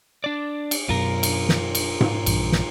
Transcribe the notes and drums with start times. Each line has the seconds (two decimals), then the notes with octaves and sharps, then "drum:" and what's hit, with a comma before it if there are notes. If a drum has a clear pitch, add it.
0.24 D4 D5
0.71 drum: cymbal
0.89 F#2 B2 F4 A#4
1.23 drum: cymbal
1.49 drum: snare
1.75 drum: cymbal
2.01 drum: tom G#2
2.26 A#1 G2 E3, drum: cymbal
2.52 drum: snare